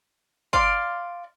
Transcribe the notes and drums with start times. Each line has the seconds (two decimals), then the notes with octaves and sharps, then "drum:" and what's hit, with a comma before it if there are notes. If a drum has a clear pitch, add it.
0.53 D5 F5 C6, drum: kick